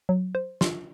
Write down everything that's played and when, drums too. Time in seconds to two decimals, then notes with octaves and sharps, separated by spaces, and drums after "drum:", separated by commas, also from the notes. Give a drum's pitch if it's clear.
0.09 F#3
0.35 C5
0.61 F4, drum: snare